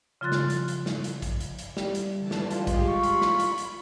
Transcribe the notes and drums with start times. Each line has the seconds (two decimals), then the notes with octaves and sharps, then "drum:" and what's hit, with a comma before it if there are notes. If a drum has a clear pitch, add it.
0.21 C#3 F3 F4 C6 F#6 A6
0.32 drum: snare
0.50 drum: hi-hat
0.68 drum: hi-hat
0.86 drum: snare
1.04 drum: hi-hat
1.22 drum: kick, hi-hat
1.40 drum: hi-hat
1.59 drum: hi-hat
1.77 G3, drum: snare
1.95 drum: hi-hat
2.16 D3 E3 A5
2.31 drum: snare
2.51 G#3 F4 G4, drum: hi-hat
2.67 drum: kick, hi-hat
2.88 B5 C#6
3.03 drum: hi-hat
3.22 drum: snare
3.40 drum: hi-hat
3.58 drum: hi-hat